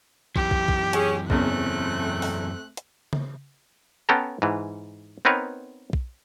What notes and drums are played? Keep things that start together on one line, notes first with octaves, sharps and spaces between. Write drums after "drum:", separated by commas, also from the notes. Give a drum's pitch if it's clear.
F#2 E3 G4, drum: kick
drum: kick
drum: kick
C#4 G#4, drum: hi-hat
F#1 E2 A3 C4 C#4 F#6, drum: kick
drum: open hi-hat
drum: hi-hat
drum: tom C#3
B3 C#4 A4 G5 A5 A#5
G#2 E3
B3 C4 D#4 A#4 B4 C#5
drum: kick